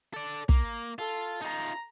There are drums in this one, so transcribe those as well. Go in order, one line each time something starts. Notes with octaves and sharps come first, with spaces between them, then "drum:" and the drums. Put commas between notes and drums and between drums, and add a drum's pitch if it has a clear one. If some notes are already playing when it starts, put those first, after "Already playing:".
A4 D5
A#3, drum: kick
F4 A4
D#4 F4 A#5